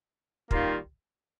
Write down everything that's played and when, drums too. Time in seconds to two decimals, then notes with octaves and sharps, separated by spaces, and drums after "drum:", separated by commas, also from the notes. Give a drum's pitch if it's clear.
0.51 D#3 G3 A#3 F4, drum: kick